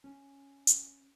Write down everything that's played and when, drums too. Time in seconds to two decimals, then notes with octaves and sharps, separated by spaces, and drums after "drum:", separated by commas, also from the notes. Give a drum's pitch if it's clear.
0.04 C#4
0.67 drum: hi-hat